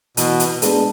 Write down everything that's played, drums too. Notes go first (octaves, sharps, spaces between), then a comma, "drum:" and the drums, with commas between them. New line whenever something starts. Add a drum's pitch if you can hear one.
B2 E3, drum: hi-hat
drum: hi-hat
G#3 B3 D4, drum: hi-hat